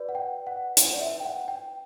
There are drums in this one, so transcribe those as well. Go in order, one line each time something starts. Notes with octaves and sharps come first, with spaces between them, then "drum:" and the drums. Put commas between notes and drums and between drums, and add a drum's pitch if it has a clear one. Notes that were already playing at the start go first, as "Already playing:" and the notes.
Already playing: F#4 B4 D5
F#5
G5
F#5
F#5, drum: hi-hat
D5
E5
G5
F#5
G5